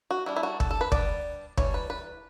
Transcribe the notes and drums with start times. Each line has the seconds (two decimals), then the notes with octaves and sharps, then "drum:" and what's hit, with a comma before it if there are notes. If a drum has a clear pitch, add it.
0.11 F#4
0.26 G3 D4 E4
0.36 E4
0.43 F#4
0.60 A4, drum: kick
0.71 A4
0.81 B4
0.92 G3 B3 D4 D5, drum: kick
1.57 E3 G3 D4 C#5, drum: kick
1.74 B4
1.90 B4